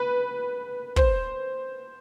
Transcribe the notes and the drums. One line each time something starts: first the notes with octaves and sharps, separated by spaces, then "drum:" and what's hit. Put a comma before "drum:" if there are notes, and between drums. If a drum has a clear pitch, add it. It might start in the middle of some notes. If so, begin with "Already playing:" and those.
Already playing: B4
C5, drum: kick